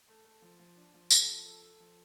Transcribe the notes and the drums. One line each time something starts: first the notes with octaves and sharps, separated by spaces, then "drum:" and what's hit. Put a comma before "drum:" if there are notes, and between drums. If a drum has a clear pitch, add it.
A3
A3
F3
F3
D4
F3
A4, drum: tambourine
F3
A4
A4
F3